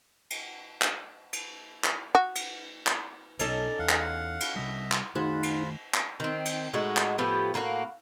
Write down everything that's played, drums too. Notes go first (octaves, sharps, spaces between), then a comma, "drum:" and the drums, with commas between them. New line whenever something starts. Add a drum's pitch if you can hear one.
drum: cymbal
drum: clap
drum: cymbal
drum: clap
F#4
drum: cymbal
drum: clap
B1 B2 C#4 D#4 A4 D5, drum: cymbal
E2 F5 F#5
drum: clap
drum: cymbal
C3 G3 D#5 E5
drum: clap
D#3 A3 D#4 F4 F#4 G#4 C5 B5
drum: cymbal
drum: clap
D#3 C4
drum: cymbal
A2 G#3 D#4 F#4
drum: clap
A2 F3 B3 G4
A2 A#3 D#4 F#4